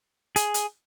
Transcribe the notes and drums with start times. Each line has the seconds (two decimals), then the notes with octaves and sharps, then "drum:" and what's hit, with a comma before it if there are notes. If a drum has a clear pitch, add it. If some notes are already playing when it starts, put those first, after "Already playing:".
0.36 G#4, drum: hi-hat
0.54 drum: hi-hat